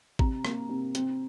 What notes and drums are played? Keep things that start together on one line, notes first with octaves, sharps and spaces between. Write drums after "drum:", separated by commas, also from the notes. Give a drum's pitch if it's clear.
C3 A#5, drum: kick G#1
A#3, drum: rim click
C3
C4, drum: hi-hat